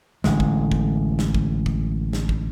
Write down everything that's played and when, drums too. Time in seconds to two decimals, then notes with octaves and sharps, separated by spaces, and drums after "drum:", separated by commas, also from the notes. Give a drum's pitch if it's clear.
0.24 A1 D3 G#3, drum: snare
0.40 drum: kick
0.72 drum: kick
1.19 drum: snare
1.35 drum: kick
1.66 drum: kick
2.13 drum: snare
2.29 drum: kick